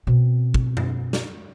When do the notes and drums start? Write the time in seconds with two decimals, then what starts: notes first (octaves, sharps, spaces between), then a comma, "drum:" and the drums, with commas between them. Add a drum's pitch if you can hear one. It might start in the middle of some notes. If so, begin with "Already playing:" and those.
0.07 B2 C4
0.54 drum: kick
0.77 drum: tom F#2
1.13 drum: snare